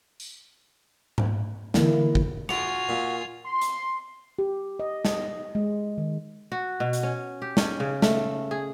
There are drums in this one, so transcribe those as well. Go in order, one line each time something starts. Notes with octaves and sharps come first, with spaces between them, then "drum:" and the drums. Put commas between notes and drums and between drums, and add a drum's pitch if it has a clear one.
drum: tambourine
drum: tom G#2
D3 E3 A#3 E4, drum: snare
drum: kick
F4 F#4 G#5 F7, drum: rim click
A#2
C6
drum: hi-hat
G4
D#5
D#5, drum: snare
G#3
D#3
F#4
B2
drum: hi-hat
C#4
G4
C#4, drum: snare
C#3
A3, drum: snare
G#4